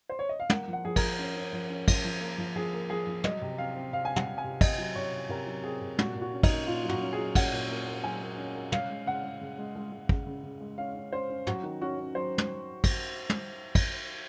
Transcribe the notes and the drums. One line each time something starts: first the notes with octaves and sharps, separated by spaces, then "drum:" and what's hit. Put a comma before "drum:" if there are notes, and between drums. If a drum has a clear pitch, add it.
C5
C#5
D#5
F5
A#3 F#5, drum: tom
F3
F#5
F3 G#4
A#4, drum: kick, cymbal
F3
C#4
C#4
F3
C#4
F3, drum: kick, cymbal
F3
A#3
F3
F3 G#4
A#3
F3 G#4
F3
F#3 D#5, drum: tom
C3
C4 F5
C4
C3 F5
C4 G#5
F#5, drum: tom
C4
G#5
C3
C4 D#5, drum: kick, cymbal
F#3
C3 C#5
C3
C3 A#4
F#3
C4 G#4
C3
A#2 F#4, drum: tom
A#2
F#4
C#4
D#4, drum: kick, cymbal
A#3
A#2 F4
F#3
F#4, drum: tom
C#4
G#4
F#3
C#4 F#5, drum: kick, cymbal
A#2
A#3
A#3
F#3 G#5
A#3
C#4
A#3
C#4 F5, drum: tom
G#3
C#3 F#5
G#3
C#3
G#3
G#3
G#3
C#3, drum: kick
C#3
C#3
G#3
C#4 F5
C#4
C#4 C5
C#4
F#3 F#4, drum: tom
D#3
C#4 F#4
C#4
F#3 C5
drum: tom
drum: kick, cymbal
drum: tom
drum: kick, cymbal